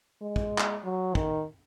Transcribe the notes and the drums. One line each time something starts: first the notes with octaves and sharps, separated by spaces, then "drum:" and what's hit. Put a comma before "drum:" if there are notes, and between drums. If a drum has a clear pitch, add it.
G#3
drum: kick
drum: clap
F#3
D#3, drum: kick